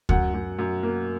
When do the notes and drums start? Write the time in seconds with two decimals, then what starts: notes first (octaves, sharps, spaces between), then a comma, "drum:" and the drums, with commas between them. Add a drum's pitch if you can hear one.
0.09 F#2 F#5, drum: kick D2
0.34 F#2
0.59 F#2
0.83 A#3